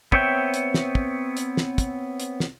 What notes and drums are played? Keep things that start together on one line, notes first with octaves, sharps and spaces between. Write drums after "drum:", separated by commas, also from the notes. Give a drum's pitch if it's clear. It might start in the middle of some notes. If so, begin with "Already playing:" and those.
B3 C4 C#5 E5 G5, drum: kick
drum: hi-hat
drum: snare
drum: kick
drum: hi-hat
drum: snare
drum: kick, hi-hat
drum: hi-hat
drum: snare